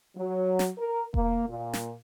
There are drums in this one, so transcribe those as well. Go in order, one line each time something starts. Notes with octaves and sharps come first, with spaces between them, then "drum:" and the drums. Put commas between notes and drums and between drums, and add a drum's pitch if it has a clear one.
F#3
drum: snare
A#4
A#3, drum: kick E1
A#2
drum: snare